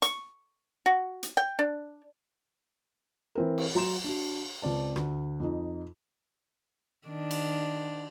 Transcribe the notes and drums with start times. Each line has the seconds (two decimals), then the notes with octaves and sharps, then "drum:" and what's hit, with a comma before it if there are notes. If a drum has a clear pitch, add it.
0.02 C#6, drum: hi-hat
0.86 F#4
1.23 drum: hi-hat
1.37 G5
1.59 D4
3.35 E3 C4 A#4
3.58 drum: cymbal
3.75 F#3 A#5 C6 E7
4.04 D4 F#4
4.62 C#2 C4 D5 A5
4.96 D2, drum: rim click
5.40 F2 D#4
7.06 D#3 D4
7.31 drum: cymbal